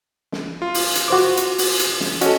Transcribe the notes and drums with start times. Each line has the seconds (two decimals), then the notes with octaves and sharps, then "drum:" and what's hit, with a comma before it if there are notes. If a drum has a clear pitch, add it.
0.32 drum: snare
0.62 F4
0.74 drum: open hi-hat
0.95 drum: hi-hat
1.08 F#4 C5 D6
1.37 drum: hi-hat
1.58 drum: open hi-hat
1.79 drum: hi-hat
2.00 drum: snare
2.21 C#4 F#4 A4 D#5, drum: hi-hat